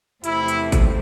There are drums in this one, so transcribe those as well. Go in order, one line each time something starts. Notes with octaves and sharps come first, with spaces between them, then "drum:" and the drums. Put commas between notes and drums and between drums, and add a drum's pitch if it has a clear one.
E2 C3 F3 A3 C4 E4, drum: hi-hat
drum: hi-hat
drum: kick G#1, hi-hat